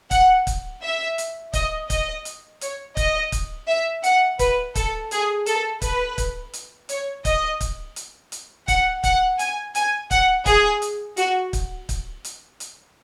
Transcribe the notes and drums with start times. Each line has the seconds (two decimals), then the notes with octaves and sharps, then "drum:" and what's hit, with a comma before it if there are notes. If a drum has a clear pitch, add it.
0.11 F#5, drum: kick, hi-hat
0.47 drum: kick, hi-hat
0.83 E5
1.18 drum: hi-hat
1.53 D#5, drum: kick, hi-hat
1.90 D#5, drum: kick, hi-hat
2.25 drum: hi-hat
2.61 C#5, drum: hi-hat
2.97 D#5, drum: kick, hi-hat
3.32 drum: kick, hi-hat
3.68 E5
4.04 F#5, drum: hi-hat
4.39 B4, drum: kick, hi-hat
4.75 A4, drum: kick, hi-hat
5.11 G#4, drum: hi-hat
5.46 A4, drum: hi-hat
5.82 B4, drum: kick, hi-hat
6.18 drum: kick, hi-hat
6.53 drum: hi-hat
6.89 C#5, drum: hi-hat
7.25 D#5, drum: kick, hi-hat
7.61 drum: kick, hi-hat
7.96 drum: hi-hat
8.32 drum: hi-hat
8.68 F#5, drum: kick, hi-hat
9.04 F#5, drum: kick, hi-hat
9.39 G#5, drum: hi-hat
9.75 G#5, drum: hi-hat
10.11 F#5, drum: kick, hi-hat
10.46 G#4, drum: kick, hi-hat
10.82 drum: hi-hat
11.17 F#4, drum: hi-hat
11.53 drum: kick, hi-hat
11.89 drum: kick, hi-hat
12.25 drum: hi-hat
12.60 drum: hi-hat